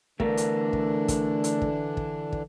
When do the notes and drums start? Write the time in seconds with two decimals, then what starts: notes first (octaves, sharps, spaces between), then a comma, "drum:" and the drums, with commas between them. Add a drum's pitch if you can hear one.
0.20 D3 E3 A3 D4 A#4, drum: kick
0.37 drum: hi-hat
0.73 drum: kick
1.08 drum: kick, hi-hat
1.44 drum: hi-hat
1.62 drum: kick
1.97 drum: kick
2.32 drum: kick